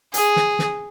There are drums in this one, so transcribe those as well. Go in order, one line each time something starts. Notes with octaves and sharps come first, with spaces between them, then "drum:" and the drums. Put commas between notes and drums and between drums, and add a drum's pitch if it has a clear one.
G#4, drum: hi-hat
drum: snare
drum: snare